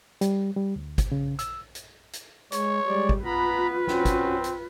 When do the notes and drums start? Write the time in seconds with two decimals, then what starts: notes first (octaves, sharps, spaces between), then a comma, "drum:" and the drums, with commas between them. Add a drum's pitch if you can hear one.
0.21 G3, drum: hi-hat
0.57 G3
0.76 D2
0.98 drum: kick, hi-hat
1.12 C#3
1.39 E6, drum: hi-hat
1.75 drum: hi-hat
2.13 drum: hi-hat
2.52 G#3 C#5, drum: hi-hat
2.87 G3 G#3 D5
3.09 drum: kick
3.24 B3 F4 B4 A#5 B5
3.87 C4 C#4 F#4, drum: snare
4.05 drum: kick, hi-hat
4.44 drum: hi-hat